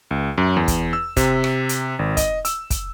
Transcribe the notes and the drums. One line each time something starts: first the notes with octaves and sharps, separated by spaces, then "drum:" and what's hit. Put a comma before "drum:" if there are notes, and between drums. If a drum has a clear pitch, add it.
C#2
F#2
E2
drum: kick, hi-hat
E6
C3, drum: kick, hi-hat
drum: rim click
drum: hi-hat
G#1
D#5, drum: kick, hi-hat
E6, drum: hi-hat
drum: kick, hi-hat